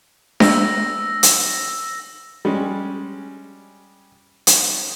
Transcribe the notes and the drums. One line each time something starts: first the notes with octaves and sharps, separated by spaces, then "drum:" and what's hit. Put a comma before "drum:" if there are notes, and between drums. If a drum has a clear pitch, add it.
E6 A#6, drum: snare D4
drum: hi-hat
G3 G#3 C#4
drum: hi-hat